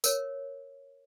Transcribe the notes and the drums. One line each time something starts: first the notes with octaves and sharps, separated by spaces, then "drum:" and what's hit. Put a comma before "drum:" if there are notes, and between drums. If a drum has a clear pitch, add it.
A#4 C#5, drum: tambourine